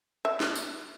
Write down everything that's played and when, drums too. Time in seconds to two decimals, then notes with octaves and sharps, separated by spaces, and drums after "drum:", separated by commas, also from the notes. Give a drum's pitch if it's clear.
0.25 E5
0.40 drum: snare
0.55 drum: tambourine